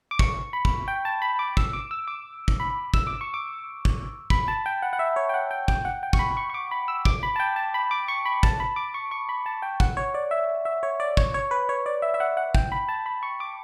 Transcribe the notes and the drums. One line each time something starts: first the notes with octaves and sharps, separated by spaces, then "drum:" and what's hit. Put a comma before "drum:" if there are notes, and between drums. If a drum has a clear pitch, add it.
D6
C#6, drum: kick
B5
drum: kick
G5
A5
B5
D6
E6, drum: kick
D6
E6
D6
drum: kick
B5
E6, drum: kick
D6
C#6
D6
drum: kick
B5, drum: kick
A5
G5
F#5
F#5
E5
C#5
G5
F#5
G5
G5, drum: kick
F#5
G5
C#6, drum: kick
B5
C#6
C#6
D6
B5
E6
D6, drum: kick
B5
A5
G5
A5
B5
D6
C#6
B5
A5, drum: kick
B5
D6
C#6
C#6
B5
A5
G5
F#5, drum: kick
C#5
D5
E5
E5
C#5
D5
C#5, drum: kick
C#5
B4
C#5
D5
E5
E5
F#5
F#5
G5, drum: kick
B5
A5
B5
C#6
D6